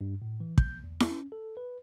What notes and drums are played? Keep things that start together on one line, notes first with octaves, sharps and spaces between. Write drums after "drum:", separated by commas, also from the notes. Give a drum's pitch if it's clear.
G2
A2
E3
G6, drum: kick
E2
drum: snare E4
C#4
A4
B4